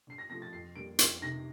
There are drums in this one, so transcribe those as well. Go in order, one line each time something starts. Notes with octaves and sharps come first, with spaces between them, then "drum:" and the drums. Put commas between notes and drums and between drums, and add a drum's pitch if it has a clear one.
D3 C7
A#6
F3 A3 C4 A#6
A6
F2 C7
D3 G3 A#3 D7
F2 C7, drum: hi-hat
C3 D#3 A#6